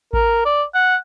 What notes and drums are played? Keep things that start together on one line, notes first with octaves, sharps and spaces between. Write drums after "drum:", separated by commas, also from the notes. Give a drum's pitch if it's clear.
A#4, drum: kick A1
D5
F#5